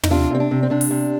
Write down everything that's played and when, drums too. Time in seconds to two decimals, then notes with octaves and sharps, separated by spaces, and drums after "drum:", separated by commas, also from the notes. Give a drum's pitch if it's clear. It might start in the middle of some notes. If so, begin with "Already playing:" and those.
0.03 D#4, drum: tom
0.10 C3 D4 F4
0.30 C3 C4
0.40 D4
0.51 C3
0.63 C4
0.70 C3 D4
0.81 drum: open hi-hat
0.91 C3